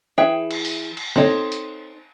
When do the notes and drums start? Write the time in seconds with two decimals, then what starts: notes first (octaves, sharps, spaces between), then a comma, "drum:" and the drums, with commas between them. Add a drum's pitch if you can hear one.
0.18 E3 G#4 B4 E5 G5
0.51 drum: cymbal
0.65 drum: open hi-hat
0.97 drum: cymbal
1.16 C4 D#4 A4 C#5 D#5, drum: snare
1.52 drum: hi-hat